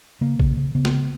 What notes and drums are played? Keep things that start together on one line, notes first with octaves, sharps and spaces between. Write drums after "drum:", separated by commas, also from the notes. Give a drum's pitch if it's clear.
C#3 A#3
C#3, drum: kick
C#3
C#3 B3
drum: snare